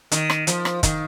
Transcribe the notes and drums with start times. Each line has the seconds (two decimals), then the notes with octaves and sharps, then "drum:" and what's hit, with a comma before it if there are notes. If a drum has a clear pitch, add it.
0.12 D#3, drum: hi-hat
0.30 drum: rim click
0.47 F3, drum: hi-hat
0.65 drum: rim click
0.83 D#3, drum: kick, hi-hat